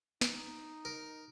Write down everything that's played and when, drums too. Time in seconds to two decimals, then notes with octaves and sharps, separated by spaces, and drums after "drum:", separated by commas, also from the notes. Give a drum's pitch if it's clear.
0.21 D#4, drum: snare
0.85 A#4